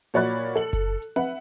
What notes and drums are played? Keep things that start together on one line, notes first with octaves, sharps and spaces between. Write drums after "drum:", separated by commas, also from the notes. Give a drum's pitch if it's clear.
A#2 F#4 C#5 D5 B5 F#6
A4 F#7
drum: kick F#1, hi-hat
drum: hi-hat
B4 E5 F#5, drum: tom C4